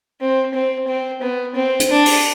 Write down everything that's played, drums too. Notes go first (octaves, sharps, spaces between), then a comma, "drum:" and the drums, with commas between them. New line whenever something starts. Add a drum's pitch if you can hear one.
C4
C4
C4
B3
C4
drum: hi-hat
D4
drum: open hi-hat